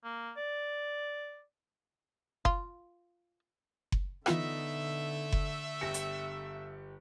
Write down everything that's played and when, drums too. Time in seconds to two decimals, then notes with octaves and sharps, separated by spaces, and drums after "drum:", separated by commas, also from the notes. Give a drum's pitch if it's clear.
0.04 A#3
0.37 D5
2.45 F4, drum: kick F#1
3.92 drum: kick F#1
4.26 D3 E3 A3 B3 D#4 F4 B4 E5, drum: rim click
5.32 drum: kick F#1
5.81 G1 G4 G#5 A#6 C#7
5.94 drum: hi-hat